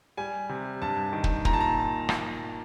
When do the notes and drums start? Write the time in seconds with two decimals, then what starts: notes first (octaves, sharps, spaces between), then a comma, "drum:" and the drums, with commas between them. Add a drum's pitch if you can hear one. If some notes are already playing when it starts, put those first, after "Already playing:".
0.17 G3 G#5
0.49 C3
0.82 G2 A5
1.13 D#3
1.24 drum: kick
1.45 A#2 A#5, drum: kick
1.53 A5
1.61 A#5
2.09 drum: rim click